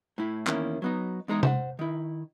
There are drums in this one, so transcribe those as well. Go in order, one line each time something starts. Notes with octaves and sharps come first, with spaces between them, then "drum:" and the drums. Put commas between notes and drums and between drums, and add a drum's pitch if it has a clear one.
A2 E4
E2 D#3 A#3 C#4 E4, drum: clap
F#3 B3 D#4
E2 G#3 D#4 G#4
C5 E5 F#5, drum: tom C3
D#3 E4